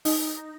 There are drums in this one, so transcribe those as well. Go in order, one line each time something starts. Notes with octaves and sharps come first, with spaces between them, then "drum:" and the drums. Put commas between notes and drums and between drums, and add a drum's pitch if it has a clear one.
D#4, drum: open hi-hat